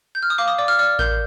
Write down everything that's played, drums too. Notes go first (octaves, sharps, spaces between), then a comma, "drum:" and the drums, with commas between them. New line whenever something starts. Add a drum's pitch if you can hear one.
G6
F6
D#6
F5 D6
D#6
D5 D6
F6
D5 F6
A#4 G6, drum: kick A1